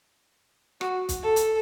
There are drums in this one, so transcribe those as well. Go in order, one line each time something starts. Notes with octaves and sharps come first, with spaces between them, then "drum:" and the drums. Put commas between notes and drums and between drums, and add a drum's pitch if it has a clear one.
F#4, drum: rim click
drum: kick, hi-hat
A4
drum: hi-hat